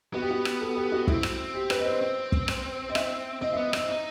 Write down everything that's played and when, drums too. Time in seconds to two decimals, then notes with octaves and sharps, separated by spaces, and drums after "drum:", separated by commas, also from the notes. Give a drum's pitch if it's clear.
0.14 B3 F#4
0.22 G4
0.31 F#4
0.45 drum: rim click
0.61 A4
0.76 G4
0.92 F#4
1.07 C4 E4, drum: kick
1.23 drum: rim click
1.55 G4
1.70 B4, drum: rim click
1.78 D#5
1.85 C5
2.01 C4
2.32 drum: kick
2.48 drum: rim click
2.89 D#5
2.95 E5, drum: rim click
3.41 C4 D#5
3.53 B3 E5
3.73 C4 D#5, drum: rim click
3.89 D#4